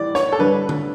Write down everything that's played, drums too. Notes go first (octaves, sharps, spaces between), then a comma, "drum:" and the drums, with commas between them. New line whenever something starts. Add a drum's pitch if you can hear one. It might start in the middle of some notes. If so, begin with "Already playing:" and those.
Already playing: A2 E3 G3 D5
C#5, drum: snare
A4
G2 D3 G3 D4 B4
drum: tom D3